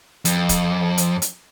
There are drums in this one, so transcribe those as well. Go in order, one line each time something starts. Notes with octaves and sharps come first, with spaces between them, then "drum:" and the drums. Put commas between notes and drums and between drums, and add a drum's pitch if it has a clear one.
F2, drum: hi-hat
drum: kick, hi-hat
drum: hi-hat
drum: hi-hat